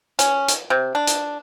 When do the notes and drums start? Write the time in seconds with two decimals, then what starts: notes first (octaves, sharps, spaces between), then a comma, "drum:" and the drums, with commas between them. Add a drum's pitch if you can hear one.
0.19 C#4, drum: hi-hat
0.48 drum: hi-hat
0.70 C3
0.95 D4
1.07 drum: hi-hat